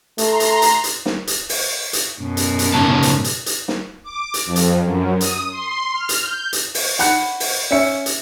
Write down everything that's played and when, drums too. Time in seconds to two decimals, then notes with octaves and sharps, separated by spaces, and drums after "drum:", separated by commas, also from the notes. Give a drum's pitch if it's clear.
0.18 A3 A#5 C6, drum: hi-hat
0.40 drum: hi-hat
0.62 drum: hi-hat
0.84 drum: hi-hat
1.06 drum: snare
1.27 drum: hi-hat
1.49 drum: open hi-hat
1.93 drum: hi-hat
2.22 F#2 B2
2.37 drum: hi-hat
2.59 drum: hi-hat
2.74 G#2 C#3 A5
3.02 drum: hi-hat
3.24 drum: hi-hat
3.46 drum: hi-hat
3.68 drum: snare
4.03 D6
4.34 drum: hi-hat
4.45 F2
4.56 drum: hi-hat
4.84 F#2
5.21 D#6, drum: hi-hat
5.50 C6
5.93 F6
6.09 drum: hi-hat
6.22 G6
6.53 drum: hi-hat
6.74 drum: open hi-hat
6.99 F#5 B5 F#6 C#7, drum: hi-hat
7.40 drum: open hi-hat
7.71 C#4 E5 C#7
8.06 drum: hi-hat